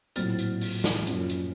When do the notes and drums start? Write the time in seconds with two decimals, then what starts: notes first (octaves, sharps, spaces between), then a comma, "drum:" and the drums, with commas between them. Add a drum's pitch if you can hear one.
0.16 A#1 A2 F#3 C4 F6 A6, drum: hi-hat
0.39 drum: hi-hat
0.61 drum: open hi-hat
0.84 drum: snare
1.07 F#2 F3 A#3 C#4, drum: hi-hat
1.30 drum: hi-hat